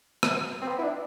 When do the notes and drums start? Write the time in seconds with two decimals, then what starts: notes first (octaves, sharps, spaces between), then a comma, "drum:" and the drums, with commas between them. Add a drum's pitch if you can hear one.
0.23 drum: rim click
0.62 C4
0.68 B3
0.78 E4
0.83 D4